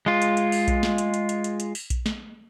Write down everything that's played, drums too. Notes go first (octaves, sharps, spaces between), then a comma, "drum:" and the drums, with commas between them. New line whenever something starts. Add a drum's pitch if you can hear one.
G#3 F4
drum: hi-hat
drum: hi-hat
drum: open hi-hat
drum: kick A#1, hi-hat
drum: snare
drum: hi-hat
drum: hi-hat
drum: hi-hat
drum: hi-hat
drum: hi-hat
drum: open hi-hat
drum: kick A#1, hi-hat
drum: snare